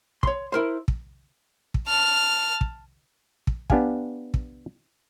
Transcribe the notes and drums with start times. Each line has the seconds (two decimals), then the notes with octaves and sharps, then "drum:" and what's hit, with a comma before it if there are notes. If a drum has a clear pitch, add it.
0.23 C#5 C6, drum: kick
0.52 E4 A#4 C5
0.88 drum: kick
1.74 drum: kick
1.88 A5 F6
2.61 drum: kick
3.47 drum: kick
3.70 B3 D4 G4 F5 G#5, drum: kick
4.34 drum: kick